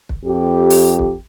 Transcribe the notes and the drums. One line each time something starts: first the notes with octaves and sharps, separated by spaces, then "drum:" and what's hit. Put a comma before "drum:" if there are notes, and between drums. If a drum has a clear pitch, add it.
drum: kick
F2 G4
drum: open hi-hat
drum: kick